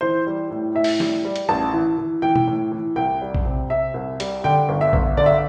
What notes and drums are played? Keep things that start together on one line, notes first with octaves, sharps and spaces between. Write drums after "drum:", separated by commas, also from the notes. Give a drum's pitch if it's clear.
E3 C5
G3
A2
A2 E5
drum: open hi-hat
G3, drum: snare
G3
drum: hi-hat
A1 A5
E3
E3
E3 G5
drum: tom B2
A2
E3
C2 G5
G3
drum: kick A#1
C3
C3 E5
C2
G3, drum: hi-hat
D3 G5
G1
E5
G1, drum: kick A#1
D3 D5
E5